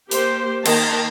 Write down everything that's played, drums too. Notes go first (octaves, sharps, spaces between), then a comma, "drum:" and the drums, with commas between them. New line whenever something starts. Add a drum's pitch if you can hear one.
A#3 G4 C5, drum: hi-hat
D#3 A#3 A5 A#5, drum: cymbal